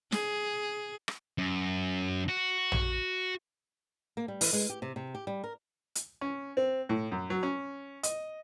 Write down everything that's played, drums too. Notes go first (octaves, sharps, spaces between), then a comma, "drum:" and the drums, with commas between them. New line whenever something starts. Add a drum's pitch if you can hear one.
G#4, drum: snare
drum: rim click
F#2
F#4
drum: tom
A#3
G3
E3, drum: open hi-hat
G#3
G4
C3
C3
G4
G3
A#4
drum: hi-hat
C#4
C4
A2
F#2
F#3
C#4
D#5, drum: hi-hat